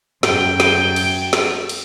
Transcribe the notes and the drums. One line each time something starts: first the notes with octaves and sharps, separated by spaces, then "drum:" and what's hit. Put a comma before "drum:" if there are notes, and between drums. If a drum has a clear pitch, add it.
F#2 G5, drum: snare
drum: snare
drum: cymbal
drum: snare
drum: cymbal